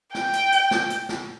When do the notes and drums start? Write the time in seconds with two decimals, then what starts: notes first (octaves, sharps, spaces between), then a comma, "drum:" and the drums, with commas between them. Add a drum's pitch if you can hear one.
0.15 G5, drum: snare
0.33 drum: hi-hat
0.52 drum: hi-hat
0.71 drum: snare
0.90 drum: hi-hat
1.09 drum: snare